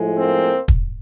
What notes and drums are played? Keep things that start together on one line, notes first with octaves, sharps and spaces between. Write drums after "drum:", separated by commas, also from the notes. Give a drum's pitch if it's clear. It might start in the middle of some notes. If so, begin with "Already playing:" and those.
Already playing: A2 F3 G#3
A#3 C4
drum: kick